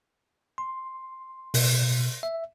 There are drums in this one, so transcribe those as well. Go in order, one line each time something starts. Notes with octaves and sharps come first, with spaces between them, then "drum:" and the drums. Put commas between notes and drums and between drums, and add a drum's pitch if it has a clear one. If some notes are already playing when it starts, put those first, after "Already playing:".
C6
B2, drum: open hi-hat
E5